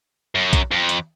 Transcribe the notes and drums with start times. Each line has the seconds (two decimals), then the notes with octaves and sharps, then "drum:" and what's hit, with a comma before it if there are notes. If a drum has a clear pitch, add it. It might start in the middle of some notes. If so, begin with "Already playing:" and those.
0.35 F#2
0.53 drum: kick A#1, hi-hat
0.71 F2
0.89 drum: hi-hat